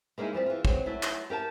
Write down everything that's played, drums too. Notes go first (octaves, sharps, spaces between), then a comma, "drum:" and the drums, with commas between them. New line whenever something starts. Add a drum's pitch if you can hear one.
G#3 A#3 B3 D#4 E4 G#4
E3 F3 G3 C4
E3 F4
F#3 G#3 C4, drum: kick
F#3 A3 E4
drum: clap
G4 A#4 G5 A5